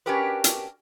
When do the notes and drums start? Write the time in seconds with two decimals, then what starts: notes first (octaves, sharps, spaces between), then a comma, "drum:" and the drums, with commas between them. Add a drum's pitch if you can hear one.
0.06 C#4 D4 F#4 G4 A#4 B4
0.44 drum: hi-hat